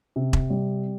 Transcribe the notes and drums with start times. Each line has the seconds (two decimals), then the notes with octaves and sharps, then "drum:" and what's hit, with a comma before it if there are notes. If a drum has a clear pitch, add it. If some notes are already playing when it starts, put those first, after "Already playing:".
0.16 C3
0.33 drum: kick E1
0.50 G3